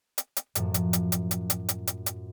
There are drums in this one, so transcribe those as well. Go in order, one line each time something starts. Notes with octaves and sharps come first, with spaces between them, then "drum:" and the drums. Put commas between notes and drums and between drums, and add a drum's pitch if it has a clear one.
drum: hi-hat
drum: hi-hat
F#2 A2 F3, drum: hi-hat
drum: hi-hat
drum: hi-hat
drum: hi-hat
drum: hi-hat
drum: hi-hat
drum: hi-hat
drum: hi-hat
drum: hi-hat